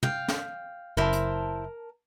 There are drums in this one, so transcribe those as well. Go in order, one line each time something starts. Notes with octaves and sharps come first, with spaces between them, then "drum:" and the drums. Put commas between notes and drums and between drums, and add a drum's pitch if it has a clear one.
F5 G5, drum: tom
drum: snare
F#1 E4 A#4 C5 G#5 A5
drum: hi-hat